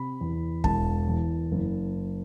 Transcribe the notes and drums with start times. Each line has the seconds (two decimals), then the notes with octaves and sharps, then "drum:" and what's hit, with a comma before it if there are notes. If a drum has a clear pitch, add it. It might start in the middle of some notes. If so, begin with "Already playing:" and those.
Already playing: C3 B5
0.21 E2
0.64 E1 A5, drum: kick
1.08 E2
1.52 F#1